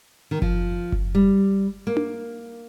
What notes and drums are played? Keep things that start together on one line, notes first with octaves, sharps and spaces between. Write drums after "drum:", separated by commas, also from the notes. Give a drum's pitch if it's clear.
D#3
F3, drum: kick F#1
drum: kick F#1
G3
A#3
drum: tom D4